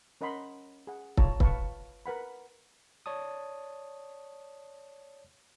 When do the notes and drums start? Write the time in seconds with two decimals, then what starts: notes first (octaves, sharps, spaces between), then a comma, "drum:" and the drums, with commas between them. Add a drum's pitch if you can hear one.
0.21 C#4 A#4 D#5 F#5 B5 C6
0.87 G#4 F#5
1.17 F4 C#5 A5 A#5, drum: kick
1.40 B4 F5 A5 C#6, drum: kick
2.06 A#4 B4 F#5 B5
3.06 C#5 D5 A5 D#6